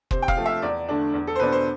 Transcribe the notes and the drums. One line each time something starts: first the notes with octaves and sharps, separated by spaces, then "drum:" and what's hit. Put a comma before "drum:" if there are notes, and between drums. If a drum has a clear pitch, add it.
C3 C5, drum: kick
G5
F5, drum: kick
F3 A3
E5
E2 D5
D3 A3 D4
E2
A4
C5
B2 B3 D4 B4
C5